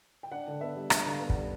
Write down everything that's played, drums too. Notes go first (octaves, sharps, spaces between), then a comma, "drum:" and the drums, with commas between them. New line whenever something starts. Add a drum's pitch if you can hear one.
G5
D4 F#5
D3
B3 E5
G3
D4 E5, drum: rim click
D3 F5
B3
G3 F#5, drum: kick